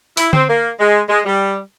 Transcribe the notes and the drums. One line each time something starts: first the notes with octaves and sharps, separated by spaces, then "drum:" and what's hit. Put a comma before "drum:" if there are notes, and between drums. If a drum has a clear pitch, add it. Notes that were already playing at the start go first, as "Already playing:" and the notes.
E4, drum: open hi-hat
C4, drum: tom D3
A#3
G#3
G#3
G3